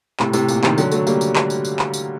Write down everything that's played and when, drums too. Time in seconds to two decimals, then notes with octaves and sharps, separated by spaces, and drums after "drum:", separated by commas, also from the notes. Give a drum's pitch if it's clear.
0.20 A2 C3, drum: clap
0.33 A2 C3, drum: tambourine
0.49 A#2, drum: tambourine
0.64 C3 D#3, drum: clap
0.78 D3 F#3, drum: tambourine
0.92 F#3 A3, drum: tambourine
1.07 G3 A#3, drum: tambourine
1.21 drum: tambourine
1.36 drum: clap
1.50 drum: tambourine
1.65 drum: tambourine
1.79 drum: clap
1.94 drum: tambourine